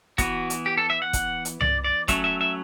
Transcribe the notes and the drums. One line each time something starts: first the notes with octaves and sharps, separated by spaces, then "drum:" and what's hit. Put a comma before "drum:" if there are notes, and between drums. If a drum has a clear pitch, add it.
E3 B3 F#4, drum: kick, hi-hat
drum: hi-hat
G4
A4
E5
F#5
drum: kick, hi-hat
drum: hi-hat
D5, drum: tom C2
D5
F#3 A3 C#4 E5, drum: kick, hi-hat
E5
E5